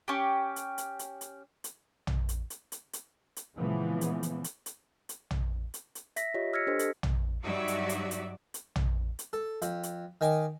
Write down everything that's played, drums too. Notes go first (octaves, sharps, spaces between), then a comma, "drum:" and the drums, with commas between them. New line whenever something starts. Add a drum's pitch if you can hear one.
C#4 G4
drum: hi-hat
drum: hi-hat
drum: hi-hat
drum: hi-hat
drum: hi-hat
drum: tom
drum: hi-hat
drum: hi-hat
drum: hi-hat
drum: hi-hat
drum: hi-hat
A#2 C#3 E3 F3 G#3 B3
drum: hi-hat
drum: hi-hat
drum: hi-hat
drum: hi-hat
drum: hi-hat
drum: tom
drum: hi-hat
drum: hi-hat
E5 A#6 B6, drum: hi-hat
F4 G4 C#5 D#5
E6 F6 G#6 A#6 B6 C#7
D4 G4 A4 C5 D#5
A4, drum: hi-hat
drum: tom
G2 F#3 D#4 F#4 D5 E5
drum: hi-hat
drum: hi-hat
drum: hi-hat
drum: hi-hat
drum: tom
drum: hi-hat
A4
F2, drum: hi-hat
drum: hi-hat
D#3 G#5 D6